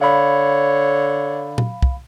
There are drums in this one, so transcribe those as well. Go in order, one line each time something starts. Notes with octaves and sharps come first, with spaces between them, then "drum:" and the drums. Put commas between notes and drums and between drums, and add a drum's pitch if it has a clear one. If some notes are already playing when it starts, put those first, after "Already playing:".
D3 C#5 F5 B5
drum: tom A#2
drum: kick